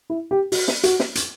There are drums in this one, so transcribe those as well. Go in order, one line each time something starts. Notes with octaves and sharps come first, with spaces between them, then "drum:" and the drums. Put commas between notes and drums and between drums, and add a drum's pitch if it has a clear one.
E4
G4
F#4, drum: open hi-hat
drum: snare
F#4, drum: hi-hat
drum: snare
drum: hi-hat